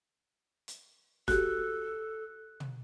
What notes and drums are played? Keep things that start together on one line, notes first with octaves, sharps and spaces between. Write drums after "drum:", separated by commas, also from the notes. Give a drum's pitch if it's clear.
drum: hi-hat
F#4 G4 A4 F#6, drum: snare E1
drum: tom